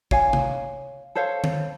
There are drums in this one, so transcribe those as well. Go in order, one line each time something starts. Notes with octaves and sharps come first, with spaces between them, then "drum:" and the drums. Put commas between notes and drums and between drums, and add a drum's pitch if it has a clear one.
C#5 F5 G#5, drum: kick
drum: tom C3
A4 C5 C#5 F5
drum: tom D3